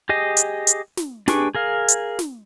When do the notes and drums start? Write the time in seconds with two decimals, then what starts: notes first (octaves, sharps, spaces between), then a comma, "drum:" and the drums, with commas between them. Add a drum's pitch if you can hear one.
0.09 G4 G#4 D#5
0.37 drum: hi-hat
0.67 drum: hi-hat
0.97 drum: snare
1.28 D4 G4 G#4 B4 C#6, drum: snare
1.55 G#4 A#4 F5
1.88 drum: hi-hat
2.19 drum: snare